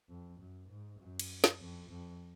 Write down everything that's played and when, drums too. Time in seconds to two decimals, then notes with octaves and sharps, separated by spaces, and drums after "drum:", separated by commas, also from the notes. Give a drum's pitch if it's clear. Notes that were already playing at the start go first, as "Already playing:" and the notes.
0.09 F2
0.40 F#2
0.69 G#2
0.99 F#2
1.19 drum: cymbal
1.44 drum: snare
1.60 F2
1.89 F2